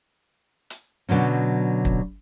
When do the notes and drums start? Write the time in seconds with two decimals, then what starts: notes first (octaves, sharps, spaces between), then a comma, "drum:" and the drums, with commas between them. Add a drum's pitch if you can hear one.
0.70 drum: hi-hat
1.09 B2 D3 F#3 C#4
1.85 drum: kick